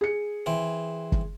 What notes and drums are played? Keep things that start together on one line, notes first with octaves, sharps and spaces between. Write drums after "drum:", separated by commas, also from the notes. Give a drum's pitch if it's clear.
G#4 C#7
E3 C4
drum: kick